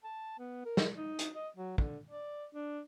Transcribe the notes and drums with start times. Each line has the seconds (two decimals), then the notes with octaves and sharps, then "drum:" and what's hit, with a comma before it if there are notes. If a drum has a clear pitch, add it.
0.04 A5
0.39 B3
0.66 A#4
0.77 drum: snare
0.97 D#4
1.19 drum: hi-hat
1.35 D#5
1.57 F#3
1.78 D3, drum: kick
2.10 D5
2.54 D4